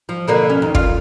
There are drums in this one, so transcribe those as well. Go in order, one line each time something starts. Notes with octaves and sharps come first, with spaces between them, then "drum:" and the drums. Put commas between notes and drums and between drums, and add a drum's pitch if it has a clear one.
F3
B2 D3 A#3
C#4
D#2
F4, drum: kick